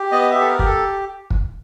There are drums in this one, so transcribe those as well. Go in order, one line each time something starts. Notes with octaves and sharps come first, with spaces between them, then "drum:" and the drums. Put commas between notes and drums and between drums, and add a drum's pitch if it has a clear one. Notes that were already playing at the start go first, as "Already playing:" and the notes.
Already playing: G4
B3 D#5
G4 E5
A4
A#4
G4, drum: kick
A4
drum: kick